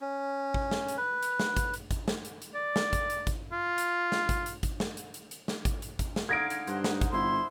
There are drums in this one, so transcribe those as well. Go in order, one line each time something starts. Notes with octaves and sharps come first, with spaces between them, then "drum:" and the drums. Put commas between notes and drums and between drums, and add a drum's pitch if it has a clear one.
C#4
drum: kick G#1
drum: snare
drum: hi-hat
B4
drum: hi-hat
drum: snare
drum: kick G#1, hi-hat
drum: hi-hat
drum: kick G#1, hi-hat
drum: snare
drum: hi-hat
drum: hi-hat
D5
drum: snare
drum: kick G#1, hi-hat
drum: hi-hat
drum: kick G#1, hi-hat
F4
drum: hi-hat
drum: snare
drum: kick G#1, hi-hat
drum: hi-hat
drum: kick G#1, hi-hat
drum: snare
drum: hi-hat
drum: hi-hat
drum: hi-hat
drum: snare
drum: kick G#1, hi-hat
drum: hi-hat
drum: kick G#1, hi-hat
drum: snare
D3 D#4 F5 G#6 A#6 D7
drum: hi-hat
G2 C5 F#5, drum: hi-hat
drum: snare
drum: kick G#1, hi-hat
G1 E4 C5 C6